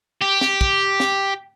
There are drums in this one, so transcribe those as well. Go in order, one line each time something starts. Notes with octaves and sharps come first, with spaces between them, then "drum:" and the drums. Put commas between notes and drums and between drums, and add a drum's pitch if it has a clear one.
G4
drum: snare
drum: kick
drum: snare